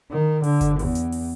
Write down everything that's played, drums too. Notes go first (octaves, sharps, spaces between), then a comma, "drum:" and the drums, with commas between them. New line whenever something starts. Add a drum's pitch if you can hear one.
D#3
D3, drum: open hi-hat
drum: kick G1, hi-hat
E2, drum: open hi-hat
drum: hi-hat
drum: open hi-hat